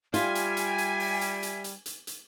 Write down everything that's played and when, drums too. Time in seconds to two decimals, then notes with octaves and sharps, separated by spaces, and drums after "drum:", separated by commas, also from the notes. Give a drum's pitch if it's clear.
0.14 G3 F4 E5 G#5, drum: hi-hat
0.35 drum: hi-hat
0.57 drum: hi-hat
0.78 drum: hi-hat
1.00 drum: open hi-hat
1.21 drum: hi-hat
1.43 drum: hi-hat
1.64 drum: hi-hat
1.86 drum: hi-hat
2.07 drum: hi-hat